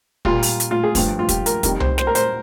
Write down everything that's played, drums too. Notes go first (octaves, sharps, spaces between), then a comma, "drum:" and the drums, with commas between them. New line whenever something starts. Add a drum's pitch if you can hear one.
A#2 G3 F4, drum: kick
drum: open hi-hat
drum: hi-hat
F4
G#4
G2 F3, drum: kick, open hi-hat
F4
G4, drum: kick, hi-hat
A#4, drum: hi-hat
F2 D#3 G3 A#4, drum: kick, hi-hat
C5, drum: tom C2
C5, drum: snare
A#4
C5, drum: hi-hat